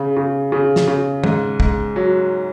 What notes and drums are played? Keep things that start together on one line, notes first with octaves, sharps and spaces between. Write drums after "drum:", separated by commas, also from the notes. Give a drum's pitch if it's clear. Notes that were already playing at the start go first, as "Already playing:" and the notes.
Already playing: C#3
C#3
C#3
drum: snare
C#3
G#2, drum: tom
G#2, drum: kick
F#3